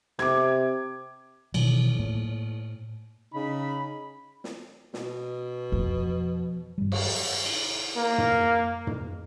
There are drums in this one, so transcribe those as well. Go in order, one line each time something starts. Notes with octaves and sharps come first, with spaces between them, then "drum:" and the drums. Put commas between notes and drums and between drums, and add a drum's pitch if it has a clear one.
C3 D6 G#6, drum: rim click
B2 D#3 E3 F#3, drum: cymbal
A2 A3 A#3
C#3 D#4 B5
drum: snare
B2, drum: snare
F2 F3
G2 F#3 G3
drum: cymbal
drum: open hi-hat
drum: cymbal
A#3
drum: tom
drum: tom